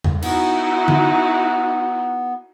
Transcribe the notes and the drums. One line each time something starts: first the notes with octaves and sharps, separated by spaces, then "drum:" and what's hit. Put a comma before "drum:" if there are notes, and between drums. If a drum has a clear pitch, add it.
drum: tom E2
B3 D#4 E4 F#4, drum: cymbal
drum: tom D3